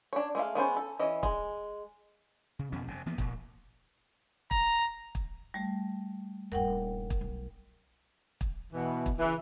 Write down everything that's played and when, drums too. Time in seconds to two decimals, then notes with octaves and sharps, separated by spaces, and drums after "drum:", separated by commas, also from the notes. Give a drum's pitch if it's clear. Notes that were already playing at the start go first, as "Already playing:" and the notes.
0.13 D4 C#5
0.35 G#3 A3 A#4 F5
0.55 G#3 B3 C#4 C5
0.77 A4
0.99 E3 C#4 D#5
1.23 G#3, drum: kick
2.59 C#3
2.72 F2 B2 F3 C#4
2.87 F1 C3
3.06 E3 F3 A#3 B3
3.18 A1 A#2, drum: kick
4.51 A#5, drum: kick
5.15 drum: kick
5.54 G3 A3
6.52 D#1 G2 A#4 F#5 G5
7.10 drum: kick
7.21 B1
8.41 drum: kick
8.73 B2 E3
9.06 drum: kick
9.19 C#3 E3